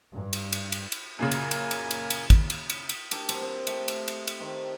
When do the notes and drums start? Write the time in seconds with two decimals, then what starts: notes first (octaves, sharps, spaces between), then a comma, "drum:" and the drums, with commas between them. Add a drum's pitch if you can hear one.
0.13 G2
0.33 drum: cymbal
0.53 drum: cymbal
0.72 drum: cymbal
0.92 drum: cymbal
1.19 F#2 A#2 C#3 A#3 G#5
1.31 drum: cymbal
1.51 drum: cymbal
1.71 drum: cymbal
1.91 drum: cymbal
2.10 drum: cymbal
2.30 drum: kick, cymbal
2.50 drum: cymbal
2.70 drum: cymbal
2.89 drum: cymbal
3.11 D4 G4 A#4 D5, drum: cymbal
3.29 F#3 A#3 C4 D4, drum: cymbal
3.41 C4 D#5
3.67 A3 G4 F5, drum: cymbal
3.88 drum: cymbal
4.08 drum: cymbal
4.27 drum: cymbal
4.40 D#3 C4 G4